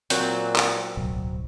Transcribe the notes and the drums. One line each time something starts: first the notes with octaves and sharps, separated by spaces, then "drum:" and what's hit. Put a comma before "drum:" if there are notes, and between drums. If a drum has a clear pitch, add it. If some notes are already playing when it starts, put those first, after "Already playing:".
A#2 F#3 C4, drum: hi-hat
drum: clap
D1 B1